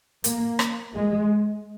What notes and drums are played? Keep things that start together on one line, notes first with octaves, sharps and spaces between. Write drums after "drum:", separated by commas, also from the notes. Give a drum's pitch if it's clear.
A#3, drum: hi-hat
drum: rim click
G#3